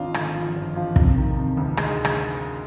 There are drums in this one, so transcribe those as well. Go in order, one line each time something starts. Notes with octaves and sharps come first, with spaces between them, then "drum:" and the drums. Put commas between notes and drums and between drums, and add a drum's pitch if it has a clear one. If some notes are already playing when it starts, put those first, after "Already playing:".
Already playing: G#1 D4 D#4 F4
D3, drum: rim click
F3
G2
F3
C3, drum: kick
D#3
C3
D2
G#3, drum: rim click
drum: rim click